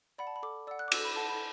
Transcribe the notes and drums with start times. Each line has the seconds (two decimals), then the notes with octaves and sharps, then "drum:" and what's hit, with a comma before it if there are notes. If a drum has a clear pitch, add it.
0.18 D5 F#5 B5
0.27 A5
0.36 B5
0.43 A4 D6
0.67 D5 F#5 E6
0.79 F#6
0.88 D6
0.92 A4 E6, drum: cymbal
1.05 B5
1.16 F#5 A5
1.29 B5